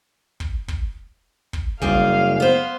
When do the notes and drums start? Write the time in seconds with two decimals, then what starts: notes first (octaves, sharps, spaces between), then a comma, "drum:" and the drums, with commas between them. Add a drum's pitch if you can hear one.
0.40 drum: kick
0.68 drum: kick
1.53 drum: kick
1.82 F#1 F2 G3 G#4 F5, drum: kick
2.40 B3 C5